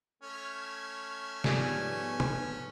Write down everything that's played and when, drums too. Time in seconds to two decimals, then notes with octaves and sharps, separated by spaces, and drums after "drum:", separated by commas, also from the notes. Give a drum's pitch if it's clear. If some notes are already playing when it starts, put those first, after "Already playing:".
0.23 A3 C#4 F6 G#6
1.44 G#2 F3 G3 B3 G#5, drum: snare
2.20 drum: tom B2